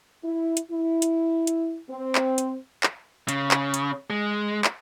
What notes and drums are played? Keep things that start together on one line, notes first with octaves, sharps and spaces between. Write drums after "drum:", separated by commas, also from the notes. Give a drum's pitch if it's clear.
E4
drum: hi-hat
E4
drum: hi-hat
drum: hi-hat
C4
drum: clap
drum: hi-hat
drum: clap
C#3, drum: hi-hat
drum: clap
drum: hi-hat
G#3
drum: clap